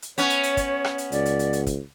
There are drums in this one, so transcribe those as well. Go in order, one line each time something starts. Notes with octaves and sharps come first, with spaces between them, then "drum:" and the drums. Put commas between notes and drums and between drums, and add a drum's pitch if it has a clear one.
drum: hi-hat
B3 C#4 C#5, drum: hi-hat
drum: hi-hat
drum: hi-hat
drum: kick, hi-hat
drum: rim click
drum: hi-hat
C#2 D5, drum: hi-hat
drum: hi-hat
drum: hi-hat
drum: hi-hat
drum: kick, hi-hat